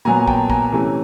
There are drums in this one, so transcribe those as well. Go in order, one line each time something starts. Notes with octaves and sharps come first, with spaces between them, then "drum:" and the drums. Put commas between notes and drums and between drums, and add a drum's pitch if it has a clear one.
A#2 F#3 B3 G#5 A#5
G5 A5, drum: kick
G#5 A#5, drum: kick
C3 E3 A3 C#4